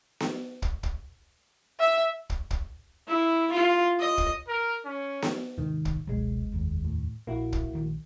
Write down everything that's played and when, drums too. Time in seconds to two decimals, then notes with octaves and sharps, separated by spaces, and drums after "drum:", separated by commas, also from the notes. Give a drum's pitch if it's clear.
0.20 drum: snare B3
0.62 drum: kick
0.83 drum: kick
1.80 E5
2.30 drum: kick
2.50 drum: kick
3.07 E4
3.52 F4
4.00 D#5
4.18 drum: kick
4.48 A#4
4.85 C#4
5.22 drum: snare B3
5.58 G#2 C3 D#3
5.85 drum: kick
6.07 G1 C#2 B2 F#3 G#3
6.52 F1 D#2
6.85 A2
7.27 A#1 A#3 E4 F#4
7.52 drum: kick
7.73 A#1 D#3